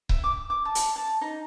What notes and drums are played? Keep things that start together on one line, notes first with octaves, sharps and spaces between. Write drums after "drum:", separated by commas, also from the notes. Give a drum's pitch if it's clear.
E5, drum: kick C#1
D6
D6
A5
drum: hi-hat
A5
D#4